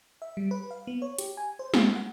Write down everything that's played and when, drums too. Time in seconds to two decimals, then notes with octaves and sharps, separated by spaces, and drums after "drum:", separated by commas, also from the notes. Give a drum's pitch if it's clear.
0.22 E5
0.37 G3
0.51 B4
0.71 F5
0.87 B3
1.02 C#5
1.18 G4, drum: hi-hat
1.37 G#5
1.59 C5
1.74 G#3, drum: snare
1.95 F#5